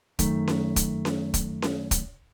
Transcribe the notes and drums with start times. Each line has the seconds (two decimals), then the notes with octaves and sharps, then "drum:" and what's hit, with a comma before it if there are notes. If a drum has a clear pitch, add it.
0.19 F#2 D#3 A3, drum: kick, hi-hat
0.48 drum: snare C#4
0.76 drum: kick, hi-hat
1.05 drum: snare C#4
1.34 drum: kick, hi-hat
1.62 drum: snare C#4
1.91 drum: kick, hi-hat